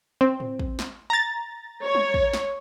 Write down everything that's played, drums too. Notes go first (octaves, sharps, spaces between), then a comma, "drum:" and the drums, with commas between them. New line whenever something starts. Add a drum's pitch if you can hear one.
C4
drum: tom A2
drum: kick
drum: snare
A#5 A6
C#5
drum: tom G3
drum: kick
drum: snare